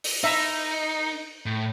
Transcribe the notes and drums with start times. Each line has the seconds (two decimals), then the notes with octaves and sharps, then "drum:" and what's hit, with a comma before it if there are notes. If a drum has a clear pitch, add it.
0.04 drum: open hi-hat
0.24 D#4 E5 A#5
1.46 A2